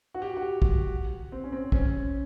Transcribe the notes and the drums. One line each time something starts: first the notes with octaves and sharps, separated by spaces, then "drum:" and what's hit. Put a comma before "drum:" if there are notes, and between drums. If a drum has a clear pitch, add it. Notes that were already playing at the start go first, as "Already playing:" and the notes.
F#4
G4
F#4
drum: kick
C4
C#4
C4
C#4, drum: kick